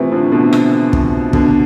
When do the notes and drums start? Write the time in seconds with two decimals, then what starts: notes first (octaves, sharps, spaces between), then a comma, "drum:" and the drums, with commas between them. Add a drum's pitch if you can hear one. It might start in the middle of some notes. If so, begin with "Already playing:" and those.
Already playing: C3 E3 F3 A3
0.12 D3 F3
0.32 B2 D3
0.53 drum: rim click
0.93 drum: kick
1.33 B2 D3, drum: kick